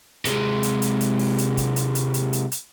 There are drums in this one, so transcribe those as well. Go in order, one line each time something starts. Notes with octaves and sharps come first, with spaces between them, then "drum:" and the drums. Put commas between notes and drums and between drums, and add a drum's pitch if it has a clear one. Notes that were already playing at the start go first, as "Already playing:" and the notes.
C3 G#3, drum: hi-hat
drum: hi-hat
drum: hi-hat
drum: hi-hat
drum: open hi-hat
drum: hi-hat
drum: kick, hi-hat
drum: hi-hat
drum: hi-hat
drum: hi-hat
drum: hi-hat
drum: hi-hat